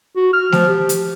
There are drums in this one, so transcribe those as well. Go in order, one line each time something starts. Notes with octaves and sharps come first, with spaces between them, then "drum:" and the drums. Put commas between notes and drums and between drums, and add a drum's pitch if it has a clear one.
F#4
F6
F3, drum: snare A3
G4
drum: hi-hat